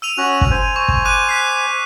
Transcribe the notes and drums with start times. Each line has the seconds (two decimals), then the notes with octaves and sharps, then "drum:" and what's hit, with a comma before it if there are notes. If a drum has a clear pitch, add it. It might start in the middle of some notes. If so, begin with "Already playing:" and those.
0.02 E6 D#7 F7
0.18 C#4 F#4 F#6
0.41 drum: kick
0.51 C5 G#5
0.76 C#6
0.88 drum: kick
1.05 D6 F#6 D#7
1.29 F#6 B6 C7